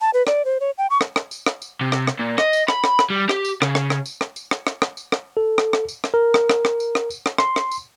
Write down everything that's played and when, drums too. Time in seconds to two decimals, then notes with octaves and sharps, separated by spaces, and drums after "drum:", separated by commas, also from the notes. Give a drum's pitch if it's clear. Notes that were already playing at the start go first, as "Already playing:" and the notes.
0.01 A5
0.14 B4
0.27 D5, drum: rim click
0.45 C5
0.60 C#5
0.78 G5
0.90 C#6
1.01 drum: rim click
1.16 drum: rim click
1.31 drum: tambourine
1.46 drum: rim click
1.62 drum: tambourine
1.81 C3
1.92 drum: rim click
2.07 drum: rim click
2.19 A#2
2.38 D#5, drum: rim click
2.53 drum: tambourine
2.68 B5, drum: rim click
2.84 drum: rim click
2.99 drum: rim click
3.10 G3
3.29 G4, drum: rim click
3.45 drum: tambourine
3.62 C#3, drum: rim click
3.75 drum: rim click
3.90 drum: rim click
4.06 drum: tambourine
4.21 drum: rim click
4.36 drum: tambourine
4.51 drum: rim click
4.67 drum: rim click
4.82 drum: rim click
4.97 drum: tambourine
5.12 drum: rim click
5.37 A4
5.58 drum: rim click
5.73 drum: rim click
5.89 drum: tambourine
6.04 drum: rim click
6.14 A#4
6.34 drum: rim click
6.50 drum: rim click
6.65 drum: rim click
6.80 drum: tambourine
6.95 drum: rim click
7.10 drum: tambourine
7.26 drum: rim click
7.38 C6, drum: rim click
7.56 drum: rim click
7.71 drum: tambourine